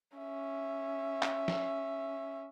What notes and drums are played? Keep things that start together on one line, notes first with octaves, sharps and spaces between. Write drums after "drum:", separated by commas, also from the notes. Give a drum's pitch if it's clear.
C#4 E5
drum: clap
drum: snare